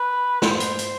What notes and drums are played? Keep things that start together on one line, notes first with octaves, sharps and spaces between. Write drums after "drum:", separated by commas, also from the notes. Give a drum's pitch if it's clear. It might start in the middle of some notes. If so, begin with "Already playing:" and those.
Already playing: B4
C5, drum: snare
drum: hi-hat
drum: hi-hat